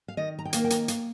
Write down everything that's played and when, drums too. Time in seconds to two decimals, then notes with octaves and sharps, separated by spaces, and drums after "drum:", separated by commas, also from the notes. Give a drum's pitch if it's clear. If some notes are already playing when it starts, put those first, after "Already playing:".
0.08 F5
0.17 D#3 D#5
0.39 A#5
0.45 G5
0.53 A#3 F5, drum: hi-hat
0.64 G5
0.70 A#5, drum: hi-hat
0.88 F5, drum: hi-hat